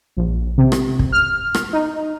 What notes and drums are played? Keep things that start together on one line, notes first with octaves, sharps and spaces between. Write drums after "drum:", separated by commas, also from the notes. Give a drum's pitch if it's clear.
A#1
C3
drum: rim click
drum: kick
F6
drum: rim click
D#4